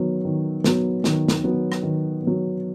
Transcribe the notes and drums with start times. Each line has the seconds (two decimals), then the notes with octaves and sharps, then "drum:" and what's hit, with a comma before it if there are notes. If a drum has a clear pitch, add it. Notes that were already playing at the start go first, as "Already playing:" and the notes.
Already playing: D#3 F#3 B3
0.25 D#3
0.64 F#3 B3, drum: snare
1.04 D#3, drum: snare
1.28 drum: snare
1.44 F#3 B3
1.72 drum: rim click
1.83 D#3
2.22 F#3 B3